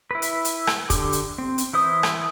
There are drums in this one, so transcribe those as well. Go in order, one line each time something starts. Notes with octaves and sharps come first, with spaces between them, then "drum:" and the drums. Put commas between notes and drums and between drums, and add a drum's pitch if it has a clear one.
E4 B4
drum: hi-hat
drum: hi-hat
drum: rim click
D3 G4, drum: kick, hi-hat
drum: hi-hat
C4
drum: hi-hat
E3 E4 C5 D#6
drum: rim click